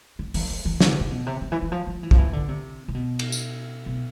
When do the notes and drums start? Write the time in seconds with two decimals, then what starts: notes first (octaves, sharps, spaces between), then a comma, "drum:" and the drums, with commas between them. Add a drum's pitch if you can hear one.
0.19 D3
0.34 E3, drum: open hi-hat
0.50 E3
0.65 E3
0.80 D3, drum: snare
0.90 C3
1.01 C3
1.11 B2
1.27 C3
1.41 D3
1.52 E3
1.62 E3
1.72 F3
1.87 F3
2.03 E3
2.11 F3, drum: kick
2.18 E3
2.33 D3
2.48 C3
2.88 C3
2.95 B2
3.19 drum: cymbal
3.32 drum: tambourine
3.86 B2